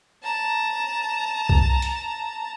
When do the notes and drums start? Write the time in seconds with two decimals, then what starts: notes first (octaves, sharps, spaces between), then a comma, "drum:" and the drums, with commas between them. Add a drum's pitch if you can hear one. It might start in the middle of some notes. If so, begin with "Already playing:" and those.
0.23 A5 A#5
1.49 drum: kick C2
1.82 drum: hi-hat